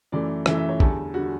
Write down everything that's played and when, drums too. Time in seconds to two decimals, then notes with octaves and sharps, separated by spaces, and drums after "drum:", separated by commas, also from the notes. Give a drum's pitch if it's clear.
0.12 F#2 E3 A3 D5
0.46 F#2 E3 A3 E5, drum: rim click
0.58 E5
0.69 C#5
0.80 E2 D3 G3 A4, drum: kick A#1
1.14 D3 G3 F#4